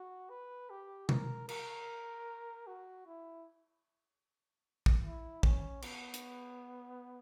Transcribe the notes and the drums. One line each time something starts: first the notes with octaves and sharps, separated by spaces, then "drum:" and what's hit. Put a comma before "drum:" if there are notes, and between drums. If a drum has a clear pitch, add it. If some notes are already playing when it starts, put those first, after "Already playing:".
Already playing: F#4
B4
G4
A#4, drum: tom B2
A#4, drum: cymbal
F#4
E4
drum: kick
E4
C#4, drum: kick
B3, drum: cymbal
drum: hi-hat